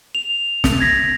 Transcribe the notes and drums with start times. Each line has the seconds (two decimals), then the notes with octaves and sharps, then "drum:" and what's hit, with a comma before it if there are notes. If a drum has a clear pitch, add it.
0.15 F7
0.64 drum: snare
0.80 G#6 A#6 B6